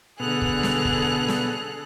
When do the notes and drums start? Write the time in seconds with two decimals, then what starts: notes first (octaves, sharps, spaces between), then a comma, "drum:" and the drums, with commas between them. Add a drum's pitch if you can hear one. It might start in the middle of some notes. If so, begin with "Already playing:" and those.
0.20 B2 D3 B3 G#4 A4 F#6 F7
0.42 drum: kick
0.63 drum: snare
0.85 drum: kick
1.28 drum: snare